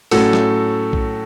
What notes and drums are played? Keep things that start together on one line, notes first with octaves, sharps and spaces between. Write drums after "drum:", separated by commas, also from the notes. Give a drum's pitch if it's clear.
A2 F#3 A3 C#4 F#4 A4, drum: open hi-hat
drum: snare
drum: kick A#1